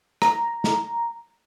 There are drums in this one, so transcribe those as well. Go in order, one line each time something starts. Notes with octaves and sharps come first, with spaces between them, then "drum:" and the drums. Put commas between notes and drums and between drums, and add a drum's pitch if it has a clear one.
A#5, drum: rim click
drum: snare